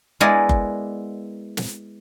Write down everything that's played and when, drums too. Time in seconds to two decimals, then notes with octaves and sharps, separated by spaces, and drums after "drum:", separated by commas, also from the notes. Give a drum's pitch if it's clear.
0.20 G#3 B3 E4 A#4 D5
0.49 drum: kick F#1
1.57 drum: snare